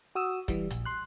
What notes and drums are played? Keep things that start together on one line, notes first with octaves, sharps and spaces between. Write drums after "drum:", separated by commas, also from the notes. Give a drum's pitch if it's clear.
F#4 D#6 E6
E3 G3, drum: kick, hi-hat
A#1, drum: hi-hat
C6 F#6